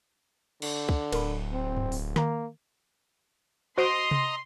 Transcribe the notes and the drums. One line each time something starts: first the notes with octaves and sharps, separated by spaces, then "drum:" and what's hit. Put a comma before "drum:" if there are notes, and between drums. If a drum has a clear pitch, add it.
D3, drum: cymbal
drum: kick
D1 A#4 B5, drum: cymbal
C4
drum: tom G2
drum: open hi-hat
D#3 A#3 A#5, drum: snare
F#4 C5 D#5 A#5 C6 D#6 D7
drum: tom C3